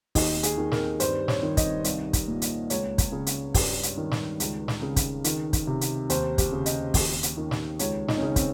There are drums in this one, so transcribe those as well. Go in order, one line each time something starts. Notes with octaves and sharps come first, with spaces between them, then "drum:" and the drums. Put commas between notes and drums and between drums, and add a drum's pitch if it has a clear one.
D#2 D#4, drum: kick, open hi-hat
G#4, drum: hi-hat
D#3
A#4, drum: snare
G2 C5, drum: hi-hat
C#5, drum: snare
D#3
D#5, drum: kick, hi-hat
C2, drum: hi-hat
drum: kick, hi-hat
A#2
drum: hi-hat
C#2 C#5, drum: hi-hat
drum: kick, hi-hat
C#3
drum: hi-hat
G2, drum: kick, open hi-hat
drum: hi-hat
D#3
drum: snare
C#2, drum: hi-hat
drum: snare
C#3
drum: kick, hi-hat
D#3, drum: hi-hat
drum: kick, hi-hat
C3
drum: hi-hat
D#2 C5, drum: hi-hat
G4, drum: kick, hi-hat
C#3
D#5, drum: hi-hat
D#2, drum: kick, open hi-hat
drum: hi-hat
D#3
drum: snare
C#2 C#5, drum: hi-hat
D#4, drum: snare
C#4
C#3 D#4
C4, drum: kick, hi-hat